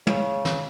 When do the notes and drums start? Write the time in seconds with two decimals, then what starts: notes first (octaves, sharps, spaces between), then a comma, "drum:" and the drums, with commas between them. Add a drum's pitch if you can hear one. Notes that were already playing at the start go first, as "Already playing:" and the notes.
0.07 C#3, drum: tom
0.45 drum: snare